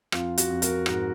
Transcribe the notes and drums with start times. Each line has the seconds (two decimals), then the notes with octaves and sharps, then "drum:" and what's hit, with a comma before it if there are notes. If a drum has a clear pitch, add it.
0.12 F2 F4, drum: rim click
0.38 F#4, drum: hi-hat
0.50 F2
0.62 F#4 A#4, drum: hi-hat
0.86 G#2 F#4 A#4, drum: rim click